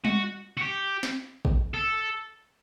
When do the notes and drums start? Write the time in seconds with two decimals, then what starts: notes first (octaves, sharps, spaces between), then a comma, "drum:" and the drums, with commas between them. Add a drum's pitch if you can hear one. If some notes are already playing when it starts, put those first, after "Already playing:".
0.05 F#4, drum: tom G3
0.57 F#4
0.62 G4
1.03 drum: snare
1.45 drum: kick
1.74 A4